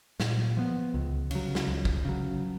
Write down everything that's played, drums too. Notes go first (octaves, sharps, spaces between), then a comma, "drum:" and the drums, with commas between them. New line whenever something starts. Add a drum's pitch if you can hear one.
A#2, drum: snare
F3 B3
C#2
C#3 F#3, drum: cymbal
drum: snare
C#2
drum: kick
C#3 F#3